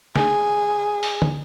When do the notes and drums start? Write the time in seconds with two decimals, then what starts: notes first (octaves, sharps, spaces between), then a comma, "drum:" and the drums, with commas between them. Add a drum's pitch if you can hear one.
0.15 G#4, drum: snare
1.03 drum: open hi-hat
1.22 drum: tom